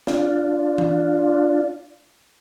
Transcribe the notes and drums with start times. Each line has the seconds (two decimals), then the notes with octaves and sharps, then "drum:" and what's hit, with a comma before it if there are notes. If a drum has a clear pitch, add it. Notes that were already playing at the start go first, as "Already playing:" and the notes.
0.07 D4 F4, drum: snare
0.78 drum: tom E3